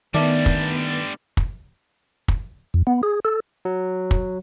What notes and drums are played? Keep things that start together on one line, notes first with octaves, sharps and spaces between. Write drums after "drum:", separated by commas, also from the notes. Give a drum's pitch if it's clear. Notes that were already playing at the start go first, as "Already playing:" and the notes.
D3 D#3 G3 A3 B3 D4
drum: kick
drum: kick
drum: kick
F2
B3
G#4
A4
F#3
drum: kick